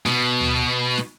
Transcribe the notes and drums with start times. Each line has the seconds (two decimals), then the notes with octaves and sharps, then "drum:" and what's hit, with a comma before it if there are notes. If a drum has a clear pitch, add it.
0.06 B2, drum: snare
0.40 drum: tom D2
0.98 drum: snare